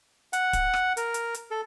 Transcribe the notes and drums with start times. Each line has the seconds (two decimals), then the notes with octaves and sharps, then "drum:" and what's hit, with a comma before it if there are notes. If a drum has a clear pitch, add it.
0.33 F#5, drum: hi-hat
0.53 drum: kick, hi-hat
0.74 drum: rim click
0.97 A#4, drum: hi-hat
1.14 drum: hi-hat
1.34 drum: hi-hat
1.51 A4